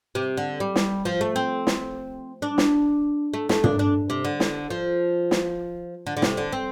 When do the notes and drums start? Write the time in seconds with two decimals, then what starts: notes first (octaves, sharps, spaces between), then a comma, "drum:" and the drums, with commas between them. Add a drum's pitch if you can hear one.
0.15 C3
0.37 D3
0.60 G3
0.76 drum: snare
1.05 F3
1.21 A3
1.36 C4
1.67 drum: snare
2.42 D4
2.58 drum: snare
3.34 A3
3.49 A3, drum: snare
3.64 D4, drum: tom
3.79 D4
4.10 C3
4.25 D3
4.40 drum: snare
4.70 F3
5.31 drum: snare
6.07 D3
6.17 D3
6.22 C3, drum: snare
6.37 D3
6.52 C4